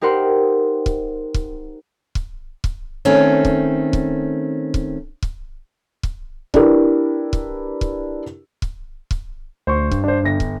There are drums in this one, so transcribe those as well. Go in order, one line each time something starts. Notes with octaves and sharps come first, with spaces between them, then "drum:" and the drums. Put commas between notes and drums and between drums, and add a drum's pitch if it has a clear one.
D#4 G4 A#4 C5 F#5 C6
drum: kick
drum: kick
drum: kick
drum: kick
D#3 A3 C4 C#4
drum: kick
drum: kick
drum: kick
drum: kick
drum: kick
D4 E4 G4 A#4 B4, drum: kick
drum: kick
drum: kick
drum: kick
drum: kick
D2 C5 C6 C#6
G2, drum: kick
D4 C5
G1 A#6
drum: kick